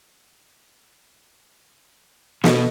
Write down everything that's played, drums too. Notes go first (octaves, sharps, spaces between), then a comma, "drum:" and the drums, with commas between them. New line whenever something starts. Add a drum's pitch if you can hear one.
B2 A4 B4 D#5, drum: snare